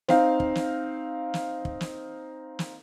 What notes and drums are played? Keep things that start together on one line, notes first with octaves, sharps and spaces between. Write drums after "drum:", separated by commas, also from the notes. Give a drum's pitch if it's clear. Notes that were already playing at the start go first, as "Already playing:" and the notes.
C4 D#4 F5, drum: snare
drum: kick
drum: snare
drum: snare
drum: kick
drum: snare
drum: snare